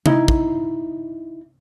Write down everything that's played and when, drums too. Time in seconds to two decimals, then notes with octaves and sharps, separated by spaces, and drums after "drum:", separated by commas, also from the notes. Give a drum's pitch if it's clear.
0.06 D#4 E4, drum: tom C3
0.28 drum: kick